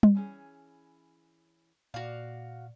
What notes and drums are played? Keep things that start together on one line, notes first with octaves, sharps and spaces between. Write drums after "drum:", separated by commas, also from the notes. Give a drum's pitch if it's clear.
drum: tom G3
E3 C#4 G#4
A#2 F#4 D5 F5